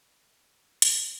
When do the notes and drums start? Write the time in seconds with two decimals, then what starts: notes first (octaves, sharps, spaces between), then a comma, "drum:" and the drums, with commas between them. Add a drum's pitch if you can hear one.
0.19 D3 F#3 F4 A4 C#5
0.82 drum: hi-hat